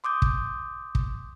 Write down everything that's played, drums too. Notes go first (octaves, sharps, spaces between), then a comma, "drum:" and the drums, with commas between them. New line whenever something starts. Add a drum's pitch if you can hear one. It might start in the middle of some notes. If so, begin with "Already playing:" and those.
C6 D6 D#6 G6
drum: kick
drum: kick